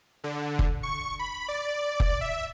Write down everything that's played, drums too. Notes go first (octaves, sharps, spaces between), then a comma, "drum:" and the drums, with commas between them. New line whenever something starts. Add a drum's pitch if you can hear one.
D3
drum: kick
C#6
B5
D5
drum: kick
E5